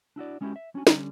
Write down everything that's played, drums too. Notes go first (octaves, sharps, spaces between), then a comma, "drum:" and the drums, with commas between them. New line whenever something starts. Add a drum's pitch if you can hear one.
D4 E4 F#4 D5
G#3 C#4 D4 E4 F#4 G4
E5
C#4 D4 F#4 G#5
D3 G3 C#4, drum: snare